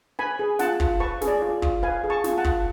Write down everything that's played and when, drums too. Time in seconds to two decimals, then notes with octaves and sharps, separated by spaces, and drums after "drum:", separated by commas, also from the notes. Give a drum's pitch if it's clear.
0.19 B4 G#5 B5
0.39 G#4
0.59 F4 F#5 A5, drum: snare
0.80 F4, drum: kick
1.00 B4 A5 C#6
1.21 G#4, drum: snare
1.28 D5
1.42 F4
1.62 F4, drum: kick
1.83 B4 F5 G#5
2.04 G#4
2.10 A5 C#6
2.24 F4, drum: snare
2.38 F#5 A5
2.44 F4, drum: kick